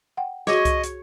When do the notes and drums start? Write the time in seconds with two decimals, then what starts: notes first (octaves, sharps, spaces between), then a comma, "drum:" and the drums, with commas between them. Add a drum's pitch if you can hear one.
0.17 F#5 G5
0.47 F#4 G#4 C#5 D#5 D6, drum: snare
0.65 drum: kick C2, hi-hat
0.84 drum: hi-hat